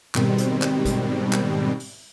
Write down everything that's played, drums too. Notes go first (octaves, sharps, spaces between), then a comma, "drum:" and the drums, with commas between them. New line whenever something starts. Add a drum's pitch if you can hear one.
G#2 B2 D#3 G3 C4, drum: clap
drum: hi-hat
drum: clap
drum: kick, hi-hat
drum: clap
drum: open hi-hat